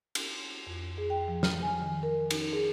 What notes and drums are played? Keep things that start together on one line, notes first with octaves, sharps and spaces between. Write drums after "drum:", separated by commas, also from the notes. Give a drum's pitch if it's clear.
drum: cymbal
F2
G#4
G5
F3
F6, drum: snare
G#5
D#3
A#4
D#4, drum: cymbal
G#4